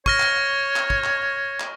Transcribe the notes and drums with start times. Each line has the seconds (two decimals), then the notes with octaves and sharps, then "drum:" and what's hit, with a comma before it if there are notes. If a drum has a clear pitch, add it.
0.06 C#5 C#6 F6 A#6, drum: kick
0.20 drum: clap
0.76 drum: clap
0.90 drum: kick
1.04 drum: clap
1.60 drum: clap